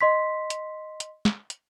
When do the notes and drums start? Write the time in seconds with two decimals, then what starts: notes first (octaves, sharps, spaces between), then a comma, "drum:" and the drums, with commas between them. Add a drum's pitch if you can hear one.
0.01 D#5 C6 B6
0.50 drum: hi-hat
1.00 drum: hi-hat
1.25 drum: snare
1.50 drum: hi-hat